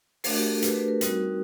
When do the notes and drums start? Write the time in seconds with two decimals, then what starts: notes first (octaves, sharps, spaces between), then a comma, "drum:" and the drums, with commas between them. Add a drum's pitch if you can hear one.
0.24 A3 D4 F#4 A#4, drum: open hi-hat
0.37 G4
0.50 A4
0.62 B4, drum: hi-hat
0.76 B4
0.88 A#4
1.01 G3 C4 D#4 F#4, drum: hi-hat